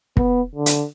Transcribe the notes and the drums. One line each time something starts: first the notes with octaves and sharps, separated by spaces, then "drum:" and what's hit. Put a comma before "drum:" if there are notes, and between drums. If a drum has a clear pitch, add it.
B3, drum: kick
D3
drum: hi-hat